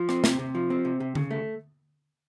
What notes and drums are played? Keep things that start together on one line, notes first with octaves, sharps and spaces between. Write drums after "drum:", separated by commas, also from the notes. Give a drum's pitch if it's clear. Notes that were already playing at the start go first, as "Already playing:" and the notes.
Already playing: F3
C4, drum: rim click
C3, drum: snare
C3
F3
C4
C3
C3
C#3, drum: tom D3
A3